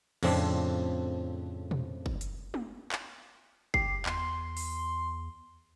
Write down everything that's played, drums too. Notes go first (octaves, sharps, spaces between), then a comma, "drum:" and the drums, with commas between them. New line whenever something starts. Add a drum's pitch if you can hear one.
F2 A2 C#3 F3 C4 D4, drum: cymbal
drum: tom
drum: kick F#1
drum: hi-hat
drum: tom
drum: clap
G4 C7, drum: kick F#1
E2 C6, drum: clap
drum: open hi-hat